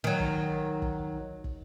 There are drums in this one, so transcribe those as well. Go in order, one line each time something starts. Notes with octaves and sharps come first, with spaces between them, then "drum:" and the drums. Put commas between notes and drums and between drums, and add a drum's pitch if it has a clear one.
D#3 F#3
drum: kick
drum: kick
drum: kick